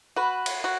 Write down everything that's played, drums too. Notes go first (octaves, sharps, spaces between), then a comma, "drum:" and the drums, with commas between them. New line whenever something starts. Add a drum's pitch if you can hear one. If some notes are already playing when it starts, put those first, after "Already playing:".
F#4 B4
drum: cymbal
F#4